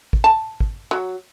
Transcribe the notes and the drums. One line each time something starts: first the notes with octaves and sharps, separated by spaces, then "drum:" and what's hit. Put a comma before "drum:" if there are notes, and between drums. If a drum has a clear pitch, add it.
drum: kick
A5
drum: kick
F#3